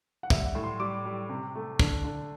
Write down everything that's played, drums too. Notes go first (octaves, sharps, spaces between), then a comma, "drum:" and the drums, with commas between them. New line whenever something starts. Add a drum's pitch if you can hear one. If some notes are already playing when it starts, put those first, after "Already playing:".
F#5
G3 E5, drum: kick
F#5
A2
C6
G3 D6
G3
C3
A3
D3, drum: kick
D3